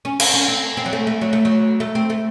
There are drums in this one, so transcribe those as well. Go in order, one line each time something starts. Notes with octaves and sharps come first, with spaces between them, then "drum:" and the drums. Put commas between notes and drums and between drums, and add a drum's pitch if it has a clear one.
C#4
C4, drum: cymbal
C#4
C4
C4
F#3
A3
A3
F#3
A3
F#3
A3
C4
A3